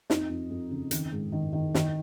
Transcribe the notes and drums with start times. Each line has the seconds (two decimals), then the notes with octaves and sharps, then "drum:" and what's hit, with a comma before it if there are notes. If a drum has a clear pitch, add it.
0.10 F2 D#4, drum: snare
0.29 F2
0.50 F2
0.71 C#3
0.91 D#3, drum: hi-hat
1.12 G#2
1.32 D#3
1.53 D#3
1.74 D#3, drum: snare